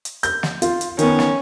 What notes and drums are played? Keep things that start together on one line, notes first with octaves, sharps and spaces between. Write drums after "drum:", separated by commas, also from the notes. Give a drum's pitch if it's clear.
drum: hi-hat
G6, drum: hi-hat
drum: snare
F4, drum: hi-hat
drum: hi-hat
D#3 B3 C#4, drum: hi-hat
drum: snare